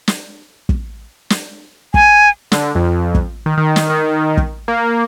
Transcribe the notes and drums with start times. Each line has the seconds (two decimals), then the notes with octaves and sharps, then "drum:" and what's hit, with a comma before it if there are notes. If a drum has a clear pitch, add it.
0.08 drum: snare
0.69 drum: kick
1.30 drum: snare
1.94 G#5, drum: kick
2.52 D3, drum: snare
2.75 F2
3.15 drum: kick
3.46 D#3
3.57 D#3
3.76 drum: snare
3.90 D#3
4.37 drum: kick
4.68 A#3